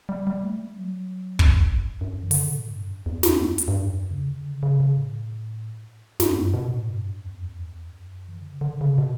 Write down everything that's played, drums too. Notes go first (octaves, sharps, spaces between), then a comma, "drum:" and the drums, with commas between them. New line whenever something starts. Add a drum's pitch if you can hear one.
G3
G3
A3
G3
F#3
drum: kick
A2
G2
F#2
F#2
E3
D3, drum: open hi-hat
C#3
B2
A2
G2
F#2
E2
F#2, drum: snare
E2
F#2, drum: hi-hat
G2
F#2
E2
C#3
D3
C#3
C#3
C#3
A2
F#2, drum: snare
G2
B2
A2
G2
F#2
E2
F#2
E2
F#2
E2
F#2
E3
D3
C#3
D3
C#3
B2